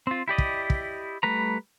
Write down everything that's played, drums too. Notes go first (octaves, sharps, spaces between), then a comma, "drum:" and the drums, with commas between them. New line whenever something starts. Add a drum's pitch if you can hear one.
C4 F4
E4 G4 D5 D#5
drum: kick
drum: kick
G3 A3 B4 A#5